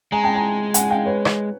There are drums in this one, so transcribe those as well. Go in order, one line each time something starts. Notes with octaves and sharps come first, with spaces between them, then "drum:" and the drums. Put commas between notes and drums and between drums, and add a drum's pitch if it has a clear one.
G#3 G#5 A#5
G5 A5
G#5 A#5
F#5 G#5, drum: hi-hat
F5 G5
B4 C#5
drum: rim click